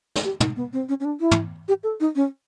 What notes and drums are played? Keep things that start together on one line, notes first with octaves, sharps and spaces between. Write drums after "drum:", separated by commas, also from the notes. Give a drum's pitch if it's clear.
drum: snare
G4
D#4, drum: tom
B3
C4
C#4
C#4
D4
E4
drum: tom
G4
A4
D#4
C#4